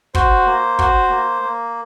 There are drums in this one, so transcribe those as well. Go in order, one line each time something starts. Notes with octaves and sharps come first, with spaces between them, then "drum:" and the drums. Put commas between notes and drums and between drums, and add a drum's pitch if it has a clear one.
F#4 C5, drum: kick
A#3
F#4, drum: kick
A#3
A#3